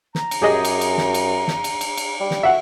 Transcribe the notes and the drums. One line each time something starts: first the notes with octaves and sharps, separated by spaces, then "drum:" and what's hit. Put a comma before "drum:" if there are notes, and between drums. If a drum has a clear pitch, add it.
A#5, drum: snare
drum: cymbal
F#2 G4 G#4 D#5
drum: cymbal
drum: cymbal
drum: snare
drum: cymbal
drum: snare
drum: cymbal
drum: cymbal
drum: cymbal
G3
drum: snare
F#4 E5 F#5